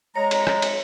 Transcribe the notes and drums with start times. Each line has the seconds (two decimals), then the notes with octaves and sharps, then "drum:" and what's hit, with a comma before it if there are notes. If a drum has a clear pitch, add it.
0.16 G#3 C#5 A#5
0.31 drum: cymbal
0.47 drum: rim click
0.62 drum: cymbal